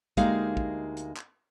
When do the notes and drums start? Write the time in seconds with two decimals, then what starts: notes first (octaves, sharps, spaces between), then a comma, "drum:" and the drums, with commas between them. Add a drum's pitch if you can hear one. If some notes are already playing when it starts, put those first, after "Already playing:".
0.17 D2 G#3 A#3 D#4 G4 F5, drum: kick, hi-hat
0.57 drum: kick
0.97 drum: hi-hat
1.16 drum: clap